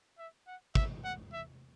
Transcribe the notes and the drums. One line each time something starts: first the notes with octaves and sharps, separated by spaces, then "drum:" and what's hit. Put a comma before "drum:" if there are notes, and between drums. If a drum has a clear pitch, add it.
E5
F#5
E5, drum: kick
F#5
E5